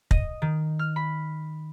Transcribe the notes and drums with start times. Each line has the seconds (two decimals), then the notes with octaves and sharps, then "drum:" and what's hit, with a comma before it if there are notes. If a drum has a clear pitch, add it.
0.11 D#5, drum: kick
0.42 D#3
0.79 F6
0.96 B5